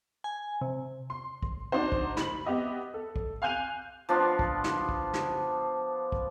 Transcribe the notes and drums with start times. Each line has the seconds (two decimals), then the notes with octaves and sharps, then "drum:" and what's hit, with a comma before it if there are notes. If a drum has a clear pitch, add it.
0.24 G#5
0.61 C3
1.10 C6
1.43 drum: kick
1.72 D4 D#4 F#4 C5
1.92 drum: kick
2.17 B5 F#7, drum: snare
2.45 B3 G4 D#5 E5
2.94 A4
3.16 drum: kick
3.42 F5 G#5 F#6 G6 D#7 F7
4.09 F3 B3 D4 F4
4.39 drum: kick
4.64 drum: snare
4.89 drum: kick
5.13 drum: snare
6.12 drum: kick